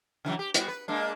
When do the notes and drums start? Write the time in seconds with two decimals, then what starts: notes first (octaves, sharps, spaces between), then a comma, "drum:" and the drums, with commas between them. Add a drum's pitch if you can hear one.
0.25 C#3 E3 F#3
0.39 G4
0.54 G3 B3 F#4, drum: hi-hat
0.68 B4
0.88 G#3 A#3 D4